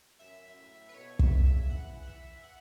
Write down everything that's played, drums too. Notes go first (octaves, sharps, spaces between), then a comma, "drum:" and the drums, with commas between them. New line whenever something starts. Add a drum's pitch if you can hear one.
F#2 E5
A2
B4
B2 C#5
E5, drum: kick
C#3
E5
E3 F#5
F#5
E3 E5
F#5